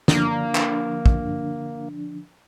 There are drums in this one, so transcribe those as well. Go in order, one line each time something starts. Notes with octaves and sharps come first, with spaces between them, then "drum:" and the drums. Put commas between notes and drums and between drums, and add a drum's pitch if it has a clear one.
D3 F3 A#3 D4, drum: snare
drum: clap
drum: kick